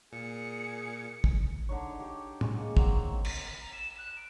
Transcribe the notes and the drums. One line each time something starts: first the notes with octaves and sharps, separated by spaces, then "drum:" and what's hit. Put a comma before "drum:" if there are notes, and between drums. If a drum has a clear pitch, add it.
A#2 G#4 C#7
drum: kick
D3 D#4 C#5
G4
G#3 G#5 C#6, drum: tom A2
A#3
F#3 C4, drum: kick
drum: cymbal
A#5
E7
F#6
D7